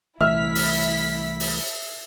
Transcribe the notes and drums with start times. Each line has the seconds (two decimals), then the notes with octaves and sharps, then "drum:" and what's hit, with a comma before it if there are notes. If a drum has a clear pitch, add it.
0.21 C2 E3 A3 E4 E5 F6 B6, drum: tom A#2
0.55 drum: open hi-hat
1.40 drum: open hi-hat